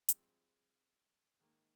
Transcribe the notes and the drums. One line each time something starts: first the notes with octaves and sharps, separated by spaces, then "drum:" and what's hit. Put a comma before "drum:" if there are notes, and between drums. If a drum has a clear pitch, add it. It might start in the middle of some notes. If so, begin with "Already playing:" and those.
G2 F3 G#3 C4, drum: hi-hat
G#2 D#3 A#3